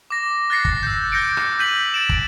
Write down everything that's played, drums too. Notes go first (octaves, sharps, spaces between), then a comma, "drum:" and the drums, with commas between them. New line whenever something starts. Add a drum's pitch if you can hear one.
D6 A#6
F#6 A6 A#6 C7 C#7
drum: kick
E6 G6
F#6 G6 A#6 C#7 D7
drum: rim click
G6 B6 D#7 F#7
A6 D7 E7
drum: kick